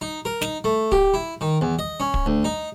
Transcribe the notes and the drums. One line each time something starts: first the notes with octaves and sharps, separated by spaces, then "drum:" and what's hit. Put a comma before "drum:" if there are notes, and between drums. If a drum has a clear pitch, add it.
D#4
A#4
D#4, drum: snare
A3
G4, drum: kick
E4
D#3
E2
D#5
C#4
drum: kick
D2
D#4